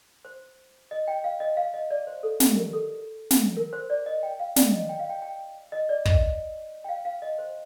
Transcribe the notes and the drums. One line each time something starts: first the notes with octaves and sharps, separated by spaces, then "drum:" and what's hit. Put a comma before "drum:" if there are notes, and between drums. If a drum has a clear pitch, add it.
C5
D#5
G5
F5
D#5
F5
D#5
D5
C5
A4
G4, drum: snare
A#4
A4
drum: snare
A#4
C5
D5
D#5
G5
F5
D5, drum: snare
D#5
G5
F5
G5
G5
D#5
D5
D#5, drum: kick
G5
F5
F5
D#5
C5